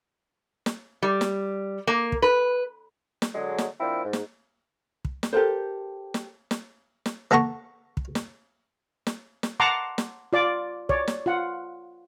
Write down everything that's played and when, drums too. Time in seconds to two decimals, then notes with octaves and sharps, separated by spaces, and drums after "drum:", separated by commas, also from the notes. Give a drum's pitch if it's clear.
0.66 drum: snare
1.02 G3
1.21 drum: snare
1.87 A#3
2.12 drum: kick
2.22 B4
3.22 drum: snare
3.34 D3 F#3 G#3
3.58 drum: snare
3.80 F3 A#3 C4 D4 E4
4.04 G#2
4.13 drum: snare
5.05 drum: kick
5.23 drum: snare
5.33 G4 A4 A#4 C5
6.14 drum: snare
6.51 drum: snare
7.06 drum: snare
7.31 A#3 A4 F#5 A#5 C#6
7.97 drum: kick
8.15 drum: snare
9.07 drum: snare
9.43 drum: snare
9.60 F#5 A5 A#5 C6 D6
9.98 drum: snare
10.33 F4 D5 D6
10.89 C#5 D5, drum: kick
11.08 drum: snare
11.26 F4 F#5